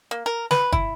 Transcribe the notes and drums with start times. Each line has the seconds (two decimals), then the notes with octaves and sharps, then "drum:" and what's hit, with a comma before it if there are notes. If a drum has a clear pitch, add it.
0.11 A#3
0.26 A#4
0.51 B4, drum: snare
0.73 E4, drum: kick